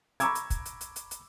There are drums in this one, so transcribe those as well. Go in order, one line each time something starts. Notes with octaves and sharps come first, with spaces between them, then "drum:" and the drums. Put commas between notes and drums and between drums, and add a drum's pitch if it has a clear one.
A#5 B5 C#6 D6 E6 G#6, drum: hi-hat
drum: hi-hat
drum: kick, hi-hat
drum: hi-hat
drum: hi-hat
drum: hi-hat
drum: hi-hat